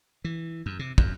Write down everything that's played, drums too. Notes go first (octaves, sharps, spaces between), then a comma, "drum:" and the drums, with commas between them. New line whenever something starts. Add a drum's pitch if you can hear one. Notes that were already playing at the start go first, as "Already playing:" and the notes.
E3
F#2
C3
F#2, drum: kick